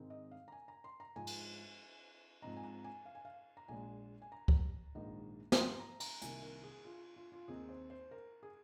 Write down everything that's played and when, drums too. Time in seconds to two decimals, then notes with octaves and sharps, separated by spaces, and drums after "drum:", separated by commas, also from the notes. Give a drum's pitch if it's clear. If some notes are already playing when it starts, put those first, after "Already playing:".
Already playing: G#2 D#3 G#3 C4 D#4
0.10 D#5
0.31 F5
0.48 A#5
0.52 G#5
0.68 A#5
0.84 C6
1.00 A#5
1.16 G#2 F3 G#3 G#5
1.27 drum: cymbal
2.42 G#2 F3 C4 D#4 A#5
2.57 G#5
2.63 A#5
2.84 G#5
3.05 F5
3.15 G#5
3.25 F5
3.57 A#5
3.68 A#1 A#2 G#3 G#5
4.22 G#5
4.32 A#5
4.48 drum: kick C2
4.95 A#1 G#2 D#3 A#3 D#4
5.52 A#5, drum: snare
5.58 C6
5.79 A#5
6.00 A#5, drum: cymbal
6.22 C2 C3 D#3 A#3 G#5, drum: hi-hat
6.42 A#4
6.64 G#4
6.85 F4
7.16 F4
7.32 F4
7.48 D#2 D#3 C4 D#4 G#4
7.69 C5
7.90 C5
8.11 A#4
8.43 G#4